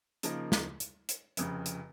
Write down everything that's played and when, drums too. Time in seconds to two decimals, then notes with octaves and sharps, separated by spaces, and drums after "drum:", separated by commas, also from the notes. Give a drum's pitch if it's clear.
0.23 C#3 F3 A#3 D#4 A#4, drum: hi-hat
0.52 drum: snare
0.80 drum: hi-hat
1.09 drum: hi-hat
1.37 F1 F2 C#3, drum: hi-hat
1.66 drum: hi-hat